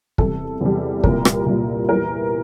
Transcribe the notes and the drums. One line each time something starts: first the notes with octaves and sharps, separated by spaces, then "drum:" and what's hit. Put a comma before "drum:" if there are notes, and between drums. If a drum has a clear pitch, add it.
E2 C3 G3 A4, drum: kick
E2 C3 G3
C2 A#2 G3 A#4, drum: kick
drum: rim click
C2 A#2 G3
E2 E3 G3 A#4